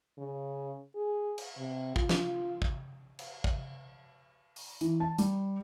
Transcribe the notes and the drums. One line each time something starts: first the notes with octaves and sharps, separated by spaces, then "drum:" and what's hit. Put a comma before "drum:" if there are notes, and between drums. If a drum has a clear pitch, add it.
C#3
G#4
drum: cymbal
C3
F4, drum: kick
drum: snare
drum: kick
drum: cymbal
drum: kick
drum: open hi-hat
E3, drum: hi-hat
A5
G3, drum: hi-hat